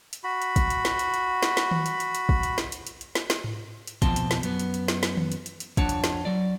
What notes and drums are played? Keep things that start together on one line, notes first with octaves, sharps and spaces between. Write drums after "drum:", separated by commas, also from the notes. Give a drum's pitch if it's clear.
drum: hi-hat
F#4 B5
drum: hi-hat
drum: kick, hi-hat
drum: hi-hat
drum: snare
drum: hi-hat
drum: hi-hat
drum: snare
drum: snare
drum: tom D#3
drum: hi-hat
drum: hi-hat
drum: hi-hat
drum: kick
drum: hi-hat
drum: snare
drum: hi-hat
drum: hi-hat
drum: hi-hat
drum: snare
drum: snare
drum: tom G#2
drum: hi-hat
F2 B2 F3 C4 A5 C6, drum: kick, hi-hat
drum: hi-hat
drum: snare
F#2 B3, drum: hi-hat
drum: hi-hat
drum: hi-hat
drum: snare
drum: snare
drum: tom D#3
drum: hi-hat
drum: hi-hat
drum: hi-hat
F2 D4 C#5 F#5 A5, drum: kick, hi-hat
drum: hi-hat
drum: snare
F#3 D5